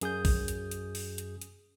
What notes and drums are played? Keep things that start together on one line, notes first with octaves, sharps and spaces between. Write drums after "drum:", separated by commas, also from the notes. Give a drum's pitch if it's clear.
F#2 G#4 D#6 G6, drum: hi-hat
drum: kick A#1, open hi-hat
drum: hi-hat
drum: hi-hat
drum: open hi-hat
drum: hi-hat
drum: hi-hat